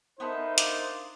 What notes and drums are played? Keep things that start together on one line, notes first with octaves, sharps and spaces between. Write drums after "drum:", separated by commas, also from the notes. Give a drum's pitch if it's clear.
B3 D#4 E4 A4 A#4 C5
D4 F4, drum: hi-hat